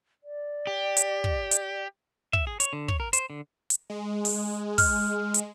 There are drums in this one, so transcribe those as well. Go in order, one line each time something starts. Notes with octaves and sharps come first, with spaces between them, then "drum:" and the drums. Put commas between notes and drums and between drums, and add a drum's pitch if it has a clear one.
D5
G4
drum: hi-hat
drum: kick
drum: hi-hat
E5, drum: kick
G#4
C#5, drum: hi-hat
D3
C#5, drum: kick
A#4
C5, drum: hi-hat
D3
drum: hi-hat
G#3
drum: open hi-hat
F6, drum: kick, open hi-hat
drum: hi-hat